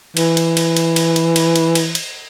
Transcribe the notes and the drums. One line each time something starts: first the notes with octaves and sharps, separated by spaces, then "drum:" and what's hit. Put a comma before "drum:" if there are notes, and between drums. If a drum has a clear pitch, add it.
E3, drum: cymbal
drum: cymbal
drum: cymbal
drum: cymbal
drum: cymbal
drum: cymbal
drum: cymbal
drum: cymbal
drum: cymbal
drum: cymbal